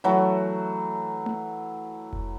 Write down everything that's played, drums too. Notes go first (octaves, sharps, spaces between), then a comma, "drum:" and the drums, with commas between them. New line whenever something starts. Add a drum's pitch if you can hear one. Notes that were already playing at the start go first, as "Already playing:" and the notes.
E3 F#3 A3
drum: tom A3
drum: kick F1